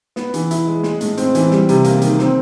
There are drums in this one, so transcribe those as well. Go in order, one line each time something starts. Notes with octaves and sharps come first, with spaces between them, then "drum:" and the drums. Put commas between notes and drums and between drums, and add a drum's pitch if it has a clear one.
B3, drum: snare
E3, drum: hi-hat
E4, drum: hi-hat
G#3
G#3, drum: snare
A2, drum: hi-hat
C4, drum: hi-hat
E3, drum: hi-hat
G3, drum: snare
C3, drum: hi-hat
A#3, drum: hi-hat
D#3, drum: hi-hat
C4, drum: snare